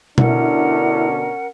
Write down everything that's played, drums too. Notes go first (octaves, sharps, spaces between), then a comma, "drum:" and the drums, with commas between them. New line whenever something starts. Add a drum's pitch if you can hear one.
B2 D3 C#4 D4 E4 A#4 F#5, drum: tom B2